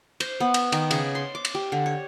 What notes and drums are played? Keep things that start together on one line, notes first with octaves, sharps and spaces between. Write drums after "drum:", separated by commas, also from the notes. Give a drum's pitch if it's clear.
C5, drum: cymbal
B3
drum: cymbal
D#3, drum: cymbal
C#3, drum: cymbal
C6
D6
drum: cymbal
G4
D3
C#5